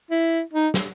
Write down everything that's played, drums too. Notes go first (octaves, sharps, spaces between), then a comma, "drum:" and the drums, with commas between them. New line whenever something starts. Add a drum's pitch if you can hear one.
E4
D#4
drum: snare